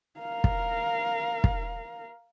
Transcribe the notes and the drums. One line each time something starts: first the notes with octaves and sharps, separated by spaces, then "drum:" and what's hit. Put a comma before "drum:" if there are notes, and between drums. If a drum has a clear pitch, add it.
A#4 F5
drum: kick
drum: kick